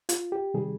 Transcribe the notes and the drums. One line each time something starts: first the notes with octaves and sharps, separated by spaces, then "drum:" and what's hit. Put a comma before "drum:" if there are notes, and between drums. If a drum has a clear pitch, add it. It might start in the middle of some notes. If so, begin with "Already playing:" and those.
F4, drum: hi-hat
G4
C3 D#3 G3 G#4